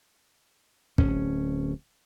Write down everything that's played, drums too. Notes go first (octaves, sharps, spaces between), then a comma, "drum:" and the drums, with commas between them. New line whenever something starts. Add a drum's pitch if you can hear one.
D1 C#4, drum: kick